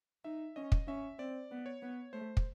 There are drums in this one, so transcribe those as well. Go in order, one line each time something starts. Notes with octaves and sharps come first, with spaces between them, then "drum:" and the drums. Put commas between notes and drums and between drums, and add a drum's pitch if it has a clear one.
D#4 E5
C#4 D#5
drum: kick
C#4 E5
C4 D5
B3
C#5
B3
A3 C5
drum: kick